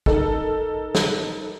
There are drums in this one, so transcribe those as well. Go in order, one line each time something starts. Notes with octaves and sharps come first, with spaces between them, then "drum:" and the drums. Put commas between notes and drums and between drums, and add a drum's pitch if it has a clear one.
D#4 A4 A#4, drum: kick
drum: snare